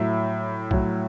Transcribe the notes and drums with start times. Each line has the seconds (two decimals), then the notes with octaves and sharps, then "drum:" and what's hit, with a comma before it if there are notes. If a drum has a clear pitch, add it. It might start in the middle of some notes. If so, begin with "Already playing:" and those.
Already playing: A2 F#3 E5
0.71 A2 F#3, drum: kick B1